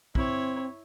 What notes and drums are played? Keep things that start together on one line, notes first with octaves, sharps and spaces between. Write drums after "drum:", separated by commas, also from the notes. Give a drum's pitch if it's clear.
C4 E4 C#5, drum: kick